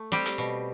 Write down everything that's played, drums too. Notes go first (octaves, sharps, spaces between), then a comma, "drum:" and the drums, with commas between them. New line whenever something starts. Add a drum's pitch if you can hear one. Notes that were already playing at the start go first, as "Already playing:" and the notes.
Already playing: A3
G3 C4 G4
drum: hi-hat
B2